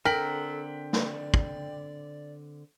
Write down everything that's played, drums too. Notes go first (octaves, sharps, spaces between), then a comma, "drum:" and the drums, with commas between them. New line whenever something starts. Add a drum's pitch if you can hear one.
D3 C4 A4 A#4 F#5 G5 B6 F#7
D5, drum: snare
drum: kick